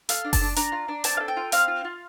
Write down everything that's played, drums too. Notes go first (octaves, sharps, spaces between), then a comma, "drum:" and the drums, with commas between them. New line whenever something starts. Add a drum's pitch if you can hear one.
A4 F5, drum: hi-hat
D4
A5, drum: kick F#1, open hi-hat
D4
D4 A#5, drum: hi-hat
F4
D4
C4 A5, drum: hi-hat
F5
A4
G5
F4
C4 F5, drum: hi-hat
F4
F4